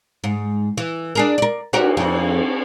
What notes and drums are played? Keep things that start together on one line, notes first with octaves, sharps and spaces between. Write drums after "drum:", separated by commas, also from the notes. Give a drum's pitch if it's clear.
G#2
E3
D4 G#4 A#4
A#4 D5
F#4 G4 A#4, drum: cymbal
F2